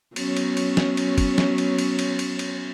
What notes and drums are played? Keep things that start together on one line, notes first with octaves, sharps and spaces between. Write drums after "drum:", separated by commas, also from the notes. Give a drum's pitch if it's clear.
F#3 B3 C#4, drum: cymbal
drum: cymbal
drum: cymbal
drum: snare
drum: cymbal
drum: kick, cymbal
drum: snare
drum: cymbal
drum: cymbal
drum: cymbal
drum: cymbal
drum: cymbal